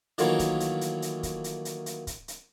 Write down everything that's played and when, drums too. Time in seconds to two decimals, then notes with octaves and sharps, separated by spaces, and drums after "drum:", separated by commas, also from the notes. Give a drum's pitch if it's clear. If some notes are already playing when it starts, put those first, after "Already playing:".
0.18 D#3 E3 F#3 A3 A#3 F4, drum: hi-hat
0.39 drum: kick, hi-hat
0.60 drum: hi-hat
0.81 drum: hi-hat
1.02 drum: hi-hat
1.23 drum: kick, hi-hat
1.44 drum: hi-hat
1.65 drum: hi-hat
1.86 drum: hi-hat
2.07 drum: kick, hi-hat
2.28 drum: hi-hat